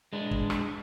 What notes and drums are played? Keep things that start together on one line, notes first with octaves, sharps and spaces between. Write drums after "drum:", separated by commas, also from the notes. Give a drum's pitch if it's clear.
G#3 D4
drum: kick
drum: rim click